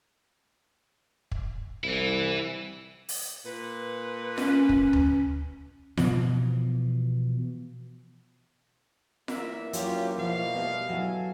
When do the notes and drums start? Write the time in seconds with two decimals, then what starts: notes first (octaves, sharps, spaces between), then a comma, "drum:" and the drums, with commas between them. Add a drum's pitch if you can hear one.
1.31 drum: kick
1.84 C2 E3 E4
3.09 drum: open hi-hat
3.46 A#2 B4
4.38 C#4, drum: snare F4
4.69 drum: kick
4.93 drum: tom D2
5.97 B2 E3 F3, drum: snare F4
9.28 E2 E3 A#3 A#4 E5, drum: snare F4
9.73 F#3 C#4 F4 G4, drum: hi-hat
10.18 B2 F3 F5
10.54 G3 B3 E5
10.89 F#3 E4 A4 G#5